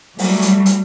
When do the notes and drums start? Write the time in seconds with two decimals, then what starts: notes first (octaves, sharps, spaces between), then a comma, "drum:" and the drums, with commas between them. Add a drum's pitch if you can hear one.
0.19 F#3 G3 A3, drum: open hi-hat
0.42 drum: hi-hat
0.66 drum: hi-hat